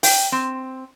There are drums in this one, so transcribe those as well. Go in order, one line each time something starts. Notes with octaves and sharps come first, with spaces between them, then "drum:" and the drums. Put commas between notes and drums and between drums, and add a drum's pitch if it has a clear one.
G5, drum: open hi-hat
C4